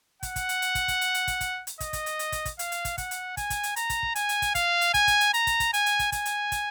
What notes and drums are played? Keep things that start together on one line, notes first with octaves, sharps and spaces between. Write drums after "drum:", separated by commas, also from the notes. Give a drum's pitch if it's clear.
F#5, drum: kick, hi-hat
drum: kick, hi-hat
drum: hi-hat
drum: hi-hat
drum: kick, hi-hat
drum: kick, hi-hat
drum: hi-hat
drum: hi-hat
drum: kick, hi-hat
drum: kick, hi-hat
drum: hi-hat
D#5, drum: kick, hi-hat
drum: kick, hi-hat
drum: hi-hat
drum: hi-hat
drum: kick, hi-hat
drum: kick, hi-hat
F5, drum: hi-hat
drum: hi-hat
drum: kick, hi-hat
F#5, drum: kick, hi-hat
drum: hi-hat
G#5, drum: kick, hi-hat
drum: kick, hi-hat
drum: hi-hat
A#5, drum: hi-hat
drum: kick, hi-hat
drum: kick
G#5, drum: hi-hat
drum: hi-hat
drum: kick, hi-hat
F5, drum: kick, hi-hat
drum: hi-hat
G#5, drum: kick, hi-hat
drum: kick, hi-hat
drum: hi-hat
A#5, drum: hi-hat
drum: kick, hi-hat
drum: kick, hi-hat
G#5, drum: hi-hat
drum: hi-hat
drum: kick, hi-hat
G#5, drum: kick, hi-hat
drum: hi-hat
drum: kick, hi-hat